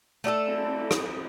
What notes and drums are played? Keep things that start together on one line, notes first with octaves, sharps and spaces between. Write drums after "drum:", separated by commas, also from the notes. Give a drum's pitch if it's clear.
A3 D4 G4 A4
drum: cymbal
drum: rim click